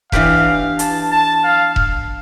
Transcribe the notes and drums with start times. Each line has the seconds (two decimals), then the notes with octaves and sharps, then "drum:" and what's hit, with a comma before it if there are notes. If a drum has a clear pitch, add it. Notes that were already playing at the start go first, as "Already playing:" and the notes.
0.12 E3 B3 D4 G4 B4 F5, drum: kick E1
0.79 A5, drum: hi-hat
1.11 A5
1.44 F5
1.76 F5, drum: kick E1